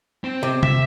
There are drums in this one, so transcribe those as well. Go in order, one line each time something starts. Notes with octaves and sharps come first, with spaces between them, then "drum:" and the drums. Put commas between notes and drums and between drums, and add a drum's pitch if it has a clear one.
C4
C3
E5, drum: tom C3